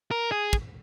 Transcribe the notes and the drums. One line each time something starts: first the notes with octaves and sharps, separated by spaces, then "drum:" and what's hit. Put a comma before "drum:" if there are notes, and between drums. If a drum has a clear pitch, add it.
A#4
G#4
drum: kick